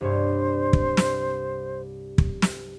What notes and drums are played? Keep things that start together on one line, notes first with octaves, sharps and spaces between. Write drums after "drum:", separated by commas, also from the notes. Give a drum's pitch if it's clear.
C2 G2 C5 C#5
drum: kick
drum: snare
drum: kick
drum: snare